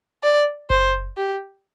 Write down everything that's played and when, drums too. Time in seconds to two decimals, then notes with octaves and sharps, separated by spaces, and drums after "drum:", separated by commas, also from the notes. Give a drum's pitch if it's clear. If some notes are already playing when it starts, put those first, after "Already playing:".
0.23 D5
0.70 C5, drum: kick F#1
1.17 G4